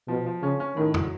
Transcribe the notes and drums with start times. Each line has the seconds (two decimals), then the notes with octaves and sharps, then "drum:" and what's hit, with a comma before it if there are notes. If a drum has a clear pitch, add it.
0.08 B2 F3
0.26 F3
0.42 C#3 C#4
0.60 C#4
0.77 A2 D#3
0.94 F#3, drum: tom